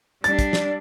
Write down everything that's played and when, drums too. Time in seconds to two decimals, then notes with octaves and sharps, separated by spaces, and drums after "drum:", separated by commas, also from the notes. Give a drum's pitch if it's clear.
0.24 G3 D4 A6, drum: hi-hat
0.39 drum: kick, hi-hat
0.53 drum: snare